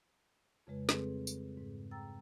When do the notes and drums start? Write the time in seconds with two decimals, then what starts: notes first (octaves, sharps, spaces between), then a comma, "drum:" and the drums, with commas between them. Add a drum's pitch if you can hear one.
0.67 F2 C#3 G#3 B4
0.89 G3 C4 G#4 A4 B4, drum: snare
1.27 drum: tambourine
1.57 G#2
1.91 G5 A#5 E6 A6